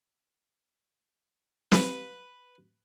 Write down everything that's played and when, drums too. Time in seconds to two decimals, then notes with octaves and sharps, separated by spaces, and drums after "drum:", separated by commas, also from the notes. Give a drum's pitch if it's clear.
1.72 B4, drum: snare